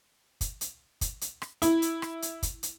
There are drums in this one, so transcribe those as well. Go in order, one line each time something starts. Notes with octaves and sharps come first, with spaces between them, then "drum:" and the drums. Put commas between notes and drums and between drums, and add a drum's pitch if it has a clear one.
drum: kick, hi-hat
drum: hi-hat
drum: kick, hi-hat
drum: hi-hat
drum: rim click
E4, drum: hi-hat
drum: hi-hat
drum: rim click
drum: hi-hat
drum: kick, hi-hat
drum: hi-hat